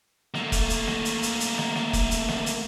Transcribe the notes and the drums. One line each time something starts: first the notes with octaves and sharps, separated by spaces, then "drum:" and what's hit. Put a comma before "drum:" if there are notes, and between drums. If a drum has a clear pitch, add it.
A3 A#3, drum: snare
drum: kick F1, hi-hat
drum: hi-hat
drum: snare
drum: hi-hat
drum: hi-hat
drum: hi-hat
drum: snare
drum: snare
drum: kick F1, hi-hat
drum: hi-hat
drum: snare
drum: hi-hat